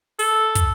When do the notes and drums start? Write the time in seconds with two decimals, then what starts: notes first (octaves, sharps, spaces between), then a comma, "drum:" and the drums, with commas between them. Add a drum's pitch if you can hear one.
0.19 A4, drum: open hi-hat
0.55 drum: kick, hi-hat